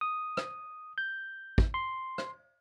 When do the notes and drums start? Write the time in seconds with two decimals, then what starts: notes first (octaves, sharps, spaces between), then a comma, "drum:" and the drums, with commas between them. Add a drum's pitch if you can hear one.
0.01 D#6
0.37 drum: rim click
0.98 G6
1.58 drum: kick
1.74 C6
2.18 drum: rim click